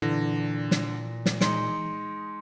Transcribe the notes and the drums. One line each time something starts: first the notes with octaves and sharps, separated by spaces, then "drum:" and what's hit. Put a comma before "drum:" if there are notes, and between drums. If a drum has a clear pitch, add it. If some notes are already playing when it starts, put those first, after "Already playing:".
A#2 D3 E3 A#6
drum: snare
drum: snare
G#3 D#4 C6 C#7 D7, drum: snare